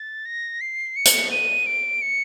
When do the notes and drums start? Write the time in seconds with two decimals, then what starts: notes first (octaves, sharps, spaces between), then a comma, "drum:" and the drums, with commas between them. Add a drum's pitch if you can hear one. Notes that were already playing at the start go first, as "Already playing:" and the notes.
Already playing: A6
0.25 A#6
0.61 C7
0.96 C#7
1.05 drum: hi-hat
1.31 D#7
1.66 D7
2.02 C#7